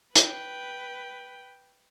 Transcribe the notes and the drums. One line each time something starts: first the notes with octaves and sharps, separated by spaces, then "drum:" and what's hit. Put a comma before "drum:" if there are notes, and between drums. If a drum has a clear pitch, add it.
B4 G5, drum: hi-hat